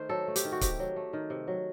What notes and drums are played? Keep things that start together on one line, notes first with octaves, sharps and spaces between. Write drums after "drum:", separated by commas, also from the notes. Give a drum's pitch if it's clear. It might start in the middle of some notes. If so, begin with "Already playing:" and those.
Already playing: D#3 A3 C5
F#3 A4
A3
G4, drum: hi-hat
D#3
F#4
C3 G4, drum: kick C#1, hi-hat
F#3
A3
D#3
C3
F#3